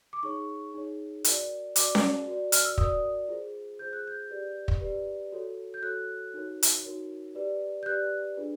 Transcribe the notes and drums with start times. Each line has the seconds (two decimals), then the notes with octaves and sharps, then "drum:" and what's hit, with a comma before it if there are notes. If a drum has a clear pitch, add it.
0.13 D6
0.23 D#4 G#4 C#5 C#6
0.74 D#4 G#4 C#5
1.24 F#4 A#4 D5, drum: hi-hat
1.76 F#4 A#4 D5 D6, drum: hi-hat
1.95 drum: snare C#4
2.27 F#4 A#4 D5
2.52 F6, drum: hi-hat
2.65 E6
2.78 F#4 A#4 D5 D#6, drum: kick
3.28 F4 G#4 C5
3.79 F4 G#4 C5 G6
3.93 F#6
4.08 G6
4.30 G4 B4 D5
4.68 drum: kick
4.81 G4 B4 D5
5.32 F#4 A4 C#5
5.74 G6
5.82 F#4 A4 C#5 F#6
6.34 D#4 F#4 A#4 C#5
6.63 drum: hi-hat
6.84 D#4 F#4 A#4 C#5
7.35 G4 B4 D5
7.83 G6
7.86 G4 B4 D5 F#6
8.37 D4 F4 G#4 B4